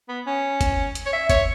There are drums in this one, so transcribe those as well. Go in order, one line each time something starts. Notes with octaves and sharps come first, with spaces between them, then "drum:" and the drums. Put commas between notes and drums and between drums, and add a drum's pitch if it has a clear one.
B3
C#4
drum: kick, hi-hat
drum: hi-hat
C#5
E5
C#5, drum: kick, hi-hat